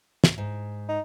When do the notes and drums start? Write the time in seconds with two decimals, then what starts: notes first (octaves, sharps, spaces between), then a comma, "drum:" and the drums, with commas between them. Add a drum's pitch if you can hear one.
0.24 drum: snare
0.38 G#2
0.89 D#4